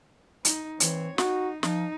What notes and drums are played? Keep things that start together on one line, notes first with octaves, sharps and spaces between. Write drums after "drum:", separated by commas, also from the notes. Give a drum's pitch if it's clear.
D#4, drum: hi-hat
E3 C4 C#5, drum: hi-hat
D#4 F#4, drum: snare
F3 D#4, drum: snare